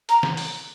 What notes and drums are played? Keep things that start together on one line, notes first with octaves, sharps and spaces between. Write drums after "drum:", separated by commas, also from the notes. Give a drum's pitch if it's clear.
A#5, drum: hi-hat
drum: snare
drum: open hi-hat